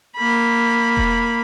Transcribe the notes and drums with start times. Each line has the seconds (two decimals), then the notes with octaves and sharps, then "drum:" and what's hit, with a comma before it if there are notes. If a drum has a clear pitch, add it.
0.17 A#3 B5
0.97 drum: kick E1